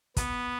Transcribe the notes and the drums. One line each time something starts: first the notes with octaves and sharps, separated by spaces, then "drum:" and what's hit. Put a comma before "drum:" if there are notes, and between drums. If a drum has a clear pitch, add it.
B3, drum: kick, hi-hat